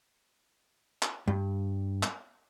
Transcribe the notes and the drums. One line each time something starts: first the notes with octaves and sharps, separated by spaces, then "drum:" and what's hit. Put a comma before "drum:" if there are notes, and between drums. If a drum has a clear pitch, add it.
drum: clap
G2
drum: clap